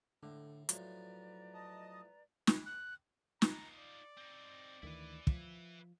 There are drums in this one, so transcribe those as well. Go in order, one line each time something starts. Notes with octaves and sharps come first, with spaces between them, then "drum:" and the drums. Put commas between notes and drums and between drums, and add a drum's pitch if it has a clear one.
A2 D3
A2 F3 F#3 B4 D5 A#5, drum: hi-hat
D#5 A5 D#6
drum: snare
F#6
D#4 F4 A#5, drum: snare
D5
C4 D#4
D2 D#3 E3 E4 B4
F3, drum: kick